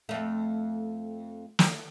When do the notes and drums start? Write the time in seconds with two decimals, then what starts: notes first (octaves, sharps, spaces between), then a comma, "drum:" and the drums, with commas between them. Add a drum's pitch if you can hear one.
0.09 F2 A3
1.59 drum: snare